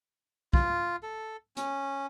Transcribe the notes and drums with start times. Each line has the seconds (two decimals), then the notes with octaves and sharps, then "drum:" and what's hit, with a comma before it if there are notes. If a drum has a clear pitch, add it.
0.53 F4, drum: kick
1.03 A4
1.56 C#4, drum: hi-hat